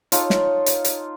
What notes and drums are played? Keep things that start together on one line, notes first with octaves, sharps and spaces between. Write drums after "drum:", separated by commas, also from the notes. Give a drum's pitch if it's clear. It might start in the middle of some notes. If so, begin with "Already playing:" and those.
D#4 F4 A4 C#5, drum: hi-hat
drum: snare
drum: hi-hat
drum: hi-hat